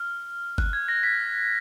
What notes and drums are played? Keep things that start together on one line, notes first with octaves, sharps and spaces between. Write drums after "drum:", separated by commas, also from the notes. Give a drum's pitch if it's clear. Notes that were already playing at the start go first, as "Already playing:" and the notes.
Already playing: F6
F#6, drum: kick G1
G#6
A#6
B6